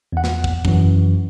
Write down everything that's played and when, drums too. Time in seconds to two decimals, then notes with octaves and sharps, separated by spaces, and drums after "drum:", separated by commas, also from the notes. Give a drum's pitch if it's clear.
0.12 E2 F#5
0.24 drum: snare
0.44 drum: kick
0.65 F#2 E3, drum: kick